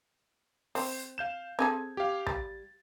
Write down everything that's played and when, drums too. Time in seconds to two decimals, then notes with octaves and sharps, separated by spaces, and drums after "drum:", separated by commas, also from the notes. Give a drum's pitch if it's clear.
0.75 C4 C5, drum: open hi-hat
1.18 F5 G6 E7
1.59 C4 G#4 A4 G#6
1.97 G4 F5
2.27 G3 A6, drum: kick